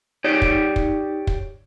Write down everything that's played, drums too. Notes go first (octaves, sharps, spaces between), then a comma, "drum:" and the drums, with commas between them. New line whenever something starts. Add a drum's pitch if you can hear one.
D#4 G4 C#5 D5
drum: kick
drum: kick
drum: kick